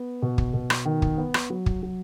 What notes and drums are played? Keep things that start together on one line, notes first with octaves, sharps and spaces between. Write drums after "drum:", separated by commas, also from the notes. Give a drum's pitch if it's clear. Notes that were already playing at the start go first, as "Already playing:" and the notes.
Already playing: B3
B2
drum: kick
B2
drum: rim click
D#3
drum: kick
B3
drum: rim click
F#3
drum: kick
F#3